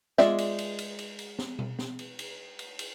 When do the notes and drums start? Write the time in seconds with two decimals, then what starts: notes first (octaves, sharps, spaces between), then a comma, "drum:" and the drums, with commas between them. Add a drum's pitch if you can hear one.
0.18 G#3 F4 D5 E5, drum: snare
0.38 drum: cymbal
0.58 drum: cymbal
0.78 drum: cymbal
0.99 drum: cymbal
1.19 drum: cymbal
1.39 drum: snare
1.59 drum: tom B2
1.79 drum: snare
1.99 drum: cymbal
2.19 drum: cymbal
2.59 drum: cymbal
2.79 drum: cymbal